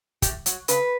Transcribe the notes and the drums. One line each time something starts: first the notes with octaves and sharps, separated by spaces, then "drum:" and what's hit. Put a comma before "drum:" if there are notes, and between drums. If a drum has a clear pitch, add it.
A2 G4, drum: kick, hi-hat
F#3, drum: hi-hat
C#3 B4, drum: hi-hat